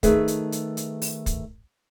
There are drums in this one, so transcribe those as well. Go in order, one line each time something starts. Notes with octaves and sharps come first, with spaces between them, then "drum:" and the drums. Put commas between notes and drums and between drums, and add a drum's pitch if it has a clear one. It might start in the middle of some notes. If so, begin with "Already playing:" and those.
D#3 A3 G#4 B4 E5, drum: kick, hi-hat
drum: hi-hat
drum: hi-hat
drum: hi-hat
drum: open hi-hat
drum: kick, hi-hat